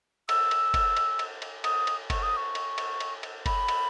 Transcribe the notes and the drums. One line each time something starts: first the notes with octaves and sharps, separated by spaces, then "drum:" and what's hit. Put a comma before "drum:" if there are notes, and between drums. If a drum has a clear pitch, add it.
E6, drum: cymbal
drum: cymbal
drum: kick F#1, cymbal
drum: cymbal
drum: cymbal
drum: cymbal
D#6, drum: cymbal
drum: cymbal
C#6, drum: kick F#1, cymbal
D#6
C#6
drum: cymbal
drum: cymbal
drum: cymbal
drum: cymbal
B5, drum: kick F#1, cymbal
drum: cymbal